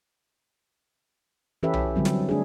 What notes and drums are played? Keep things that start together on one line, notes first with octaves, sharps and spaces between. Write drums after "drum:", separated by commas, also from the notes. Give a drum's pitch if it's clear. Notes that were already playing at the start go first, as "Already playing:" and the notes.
E3 C#4 G4 A4 B4 E5
drum: tom B1
D3 F#3 G3 C4
drum: snare
A3 D4 G#4